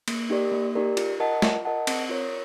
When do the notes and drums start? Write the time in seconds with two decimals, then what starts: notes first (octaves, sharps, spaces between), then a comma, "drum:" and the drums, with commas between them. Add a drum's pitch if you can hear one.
0.08 A#3, drum: cymbal
0.30 D#4 G4 A#4 D5
0.52 A#3
0.75 D#4 G4 A#4 D5
0.97 F4, drum: cymbal
1.20 A#4 D#5 F#5 A5
1.42 F4, drum: snare
1.65 A#4 D#5 F#5 A5
1.87 C4, drum: cymbal
2.09 F4 A#4 C#5